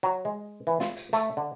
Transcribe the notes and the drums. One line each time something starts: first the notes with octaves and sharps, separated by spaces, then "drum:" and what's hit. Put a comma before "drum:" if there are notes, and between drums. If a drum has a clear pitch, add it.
F#3
G#3
E3
F4, drum: snare
drum: hi-hat
A3, drum: hi-hat
D3